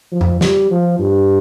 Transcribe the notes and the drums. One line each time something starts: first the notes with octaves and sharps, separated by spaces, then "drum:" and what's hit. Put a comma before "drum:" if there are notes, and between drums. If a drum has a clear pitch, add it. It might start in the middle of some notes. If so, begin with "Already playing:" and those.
F3
drum: tom F2
G3, drum: snare
F3
G2